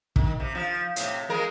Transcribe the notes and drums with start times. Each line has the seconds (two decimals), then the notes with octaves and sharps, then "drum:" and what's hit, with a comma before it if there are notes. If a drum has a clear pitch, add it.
0.16 D#3, drum: kick
0.40 C3
0.55 F3
0.96 A2 C3, drum: hi-hat
1.29 F3 G#3 A#4